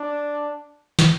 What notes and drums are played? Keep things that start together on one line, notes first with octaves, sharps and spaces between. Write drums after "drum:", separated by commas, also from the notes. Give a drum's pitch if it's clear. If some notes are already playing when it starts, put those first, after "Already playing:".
Already playing: D4
drum: snare